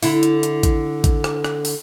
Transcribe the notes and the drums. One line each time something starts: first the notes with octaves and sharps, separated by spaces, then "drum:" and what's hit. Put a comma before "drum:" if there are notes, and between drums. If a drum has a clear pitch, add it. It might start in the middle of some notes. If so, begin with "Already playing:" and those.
D3 E4, drum: open hi-hat
drum: hi-hat
drum: hi-hat
drum: kick A1, hi-hat
drum: kick A1, hi-hat
drum: rim click
drum: rim click
drum: open hi-hat